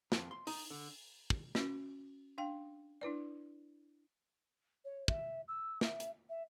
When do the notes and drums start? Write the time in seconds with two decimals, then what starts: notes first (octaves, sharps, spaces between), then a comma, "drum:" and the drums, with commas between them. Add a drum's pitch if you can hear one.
0.12 F2, drum: snare
0.31 C6
0.47 D#4, drum: open hi-hat
0.70 D3
1.30 drum: kick
1.55 C#4 F#4, drum: snare
2.38 D4 F5 G5
3.01 D4 E4 B4 D5
4.85 C#5
5.08 E5, drum: kick
5.48 E6
5.81 E5, drum: snare
6.00 drum: hi-hat
6.29 E5